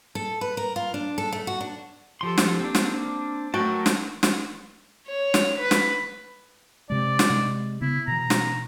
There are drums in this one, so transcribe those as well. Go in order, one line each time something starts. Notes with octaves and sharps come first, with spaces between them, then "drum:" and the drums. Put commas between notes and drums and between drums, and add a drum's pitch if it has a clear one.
A4
B4
A#4
F4
D4
A4
A3
F#4
D4
F3 G4 A4 C6
drum: snare
A#3 C4 D4
drum: snare
F#3 A3 F#4 A#4 G5 A5
drum: snare
drum: snare
C#5
drum: snare
B4
drum: snare
C3 G#3 D5
drum: snare
C3 G#3
C#3 B3 E4
B2 E3 A#5
drum: snare